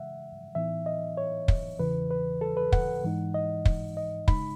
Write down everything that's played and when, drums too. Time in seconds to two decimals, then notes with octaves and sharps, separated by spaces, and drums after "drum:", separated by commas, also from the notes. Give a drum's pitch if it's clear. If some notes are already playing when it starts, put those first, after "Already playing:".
Already playing: C#3 E3 G#3 E5 F#5
0.55 A2 E3 B3 D#4 E5
0.86 D#5
1.17 C#5
1.48 drum: kick
1.79 E2 C#3 E3 B4
2.11 B4
2.41 A4
2.57 B4
2.72 F#5, drum: kick
3.04 G#2 E3 G#3 D#4
3.34 D#5
3.65 drum: kick
3.97 D#5
4.28 C#3 G#3 D#4 B5, drum: kick